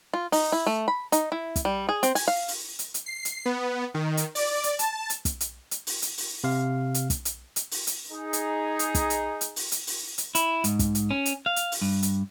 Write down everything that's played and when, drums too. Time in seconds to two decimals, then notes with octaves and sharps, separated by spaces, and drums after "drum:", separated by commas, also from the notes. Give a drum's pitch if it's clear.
0.14 F4
0.32 D#4, drum: open hi-hat
0.52 E4
0.67 A3
0.88 B5
1.12 D#4, drum: hi-hat
1.32 E4
1.56 drum: kick, hi-hat
1.65 G3
1.89 G#4
2.03 C4, drum: hi-hat
2.15 G#5, drum: open hi-hat
2.28 F5
2.48 drum: open hi-hat
2.79 drum: hi-hat
2.94 drum: hi-hat
3.06 C7
3.25 drum: hi-hat
3.45 B3
3.94 D#3
4.17 drum: hi-hat
4.35 D5, drum: open hi-hat
4.64 drum: hi-hat
4.79 A5, drum: hi-hat
5.10 drum: hi-hat
5.25 drum: kick, hi-hat
5.40 drum: hi-hat
5.71 drum: hi-hat
5.87 drum: open hi-hat
6.02 drum: hi-hat
6.17 drum: open hi-hat
6.44 C3 F5
6.94 drum: hi-hat
7.10 drum: kick, hi-hat
7.25 drum: hi-hat
7.56 drum: hi-hat
7.71 drum: open hi-hat
7.87 drum: hi-hat
8.11 D#4 G#4
8.33 drum: hi-hat
8.79 drum: hi-hat
8.95 drum: kick, hi-hat
9.10 drum: hi-hat
9.41 drum: hi-hat
9.56 drum: open hi-hat
9.72 drum: hi-hat
9.87 drum: open hi-hat
10.18 drum: hi-hat
10.35 E4, drum: hi-hat
10.64 G#2, drum: hi-hat
10.79 drum: kick, hi-hat
10.95 drum: hi-hat
11.11 C#4
11.26 drum: hi-hat
11.46 F5
11.56 drum: hi-hat
11.72 drum: open hi-hat
11.82 G2
12.03 drum: hi-hat